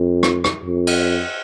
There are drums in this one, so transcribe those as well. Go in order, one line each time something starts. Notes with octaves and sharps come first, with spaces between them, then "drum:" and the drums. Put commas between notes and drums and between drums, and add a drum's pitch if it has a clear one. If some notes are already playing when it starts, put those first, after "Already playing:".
Already playing: F2
drum: rim click
drum: rim click
F2
drum: cymbal